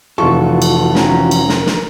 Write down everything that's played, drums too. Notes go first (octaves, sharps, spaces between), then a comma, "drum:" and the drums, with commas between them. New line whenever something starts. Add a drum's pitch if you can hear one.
F1 E3 F3 F4 F#4 A4 C#6
drum: cymbal
D#3 C4 C#4 A#5, drum: snare
drum: cymbal
A#4, drum: snare
drum: snare